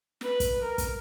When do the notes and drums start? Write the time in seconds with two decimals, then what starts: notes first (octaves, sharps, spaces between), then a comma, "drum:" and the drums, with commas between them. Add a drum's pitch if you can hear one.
0.21 B4, drum: snare
0.40 drum: kick, hi-hat
0.61 A#4
0.78 drum: kick, hi-hat